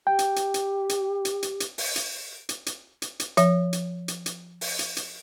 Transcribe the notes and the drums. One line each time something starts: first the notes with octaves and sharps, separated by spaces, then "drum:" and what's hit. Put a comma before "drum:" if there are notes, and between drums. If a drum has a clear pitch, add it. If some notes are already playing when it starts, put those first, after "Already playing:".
G4 G5
drum: hi-hat
drum: hi-hat
drum: hi-hat
drum: hi-hat
drum: hi-hat
drum: hi-hat
drum: hi-hat
drum: open hi-hat
drum: hi-hat
drum: hi-hat
drum: hi-hat
drum: hi-hat
drum: hi-hat
F3 E5, drum: hi-hat
drum: hi-hat
drum: hi-hat
drum: hi-hat
drum: open hi-hat
drum: hi-hat
drum: hi-hat